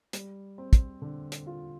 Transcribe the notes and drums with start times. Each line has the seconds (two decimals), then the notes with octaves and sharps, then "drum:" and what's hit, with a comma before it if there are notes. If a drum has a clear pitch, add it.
0.13 G3, drum: hi-hat
0.58 C4
0.73 drum: kick, hi-hat
1.02 D3
1.32 drum: hi-hat
1.47 F4